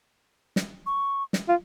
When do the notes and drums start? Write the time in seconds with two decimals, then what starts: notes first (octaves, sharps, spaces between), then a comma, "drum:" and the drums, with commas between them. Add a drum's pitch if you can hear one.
0.56 drum: snare
0.86 C#6
1.33 drum: snare
1.49 F4